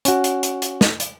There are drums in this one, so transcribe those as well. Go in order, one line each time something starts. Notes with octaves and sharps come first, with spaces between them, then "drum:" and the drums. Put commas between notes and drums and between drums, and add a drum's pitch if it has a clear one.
C#4 F#4, drum: hi-hat
drum: hi-hat
drum: hi-hat
drum: hi-hat
drum: snare
drum: hi-hat